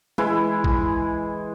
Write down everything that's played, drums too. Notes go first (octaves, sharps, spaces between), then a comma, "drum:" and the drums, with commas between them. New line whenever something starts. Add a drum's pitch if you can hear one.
E3 G#3 E4, drum: tom
drum: kick A1